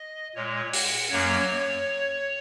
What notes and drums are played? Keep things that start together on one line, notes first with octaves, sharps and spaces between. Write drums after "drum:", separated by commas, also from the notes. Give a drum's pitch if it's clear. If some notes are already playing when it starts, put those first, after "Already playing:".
Already playing: D#5
A#2 G#3 C#5
F#5, drum: open hi-hat
F#2 F#3 A#3 C#5